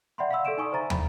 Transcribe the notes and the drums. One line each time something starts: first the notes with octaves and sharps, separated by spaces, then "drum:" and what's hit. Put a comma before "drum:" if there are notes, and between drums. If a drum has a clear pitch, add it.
D5 E5 F#5 G5 B5 C6
F5 F#5 B5 C6 E6
A4 D5 C#6 D7 E7
D#4 G#5 C#6 D#6
C5 E5 A#5 A6
B5, drum: tom